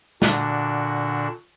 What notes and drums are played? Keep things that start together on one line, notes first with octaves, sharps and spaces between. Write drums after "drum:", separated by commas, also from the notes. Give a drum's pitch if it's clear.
A#2 D3 D4 F#4, drum: snare